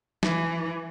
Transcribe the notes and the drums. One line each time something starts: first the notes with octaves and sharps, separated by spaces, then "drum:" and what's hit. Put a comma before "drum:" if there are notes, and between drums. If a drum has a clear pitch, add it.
E3, drum: snare